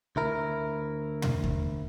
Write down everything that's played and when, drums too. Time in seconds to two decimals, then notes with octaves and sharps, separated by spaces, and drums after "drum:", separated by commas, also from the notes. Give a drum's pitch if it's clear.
0.16 D2 E4 A#4
1.22 drum: tom
1.44 drum: kick D#2